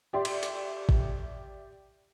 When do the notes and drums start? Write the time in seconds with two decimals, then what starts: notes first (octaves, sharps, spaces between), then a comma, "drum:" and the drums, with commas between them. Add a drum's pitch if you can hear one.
0.13 G4 D5 E5 C6
0.25 drum: cymbal
0.43 drum: hi-hat
0.89 drum: kick G#1